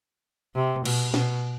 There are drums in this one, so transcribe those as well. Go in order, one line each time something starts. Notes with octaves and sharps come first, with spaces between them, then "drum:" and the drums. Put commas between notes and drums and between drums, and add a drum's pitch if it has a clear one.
C3
B2, drum: cymbal
B2, drum: snare